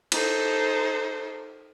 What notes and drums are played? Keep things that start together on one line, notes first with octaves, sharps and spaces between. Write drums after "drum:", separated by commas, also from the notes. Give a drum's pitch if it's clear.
D#4 A4 C5, drum: cymbal